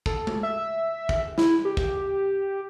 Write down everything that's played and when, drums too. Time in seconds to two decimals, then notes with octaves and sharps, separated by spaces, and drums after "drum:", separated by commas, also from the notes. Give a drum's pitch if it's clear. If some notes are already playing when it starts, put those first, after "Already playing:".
0.06 A4, drum: kick
0.27 drum: tom G#3
0.43 E5
1.09 drum: kick
1.38 E4, drum: snare
1.65 G4
1.77 drum: kick